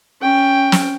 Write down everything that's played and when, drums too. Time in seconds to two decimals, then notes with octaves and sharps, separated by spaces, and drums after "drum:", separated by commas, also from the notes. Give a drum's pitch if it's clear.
0.21 C#4 G5
0.72 drum: snare